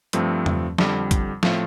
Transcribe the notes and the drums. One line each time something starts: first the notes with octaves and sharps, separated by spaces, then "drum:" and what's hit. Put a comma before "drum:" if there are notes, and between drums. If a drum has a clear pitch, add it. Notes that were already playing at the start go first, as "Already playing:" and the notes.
G2 F3 A3 C4, drum: hi-hat
drum: tom E2
F2 D3 G3, drum: snare
drum: kick, hi-hat
A2 F3 A3 C4 F4, drum: snare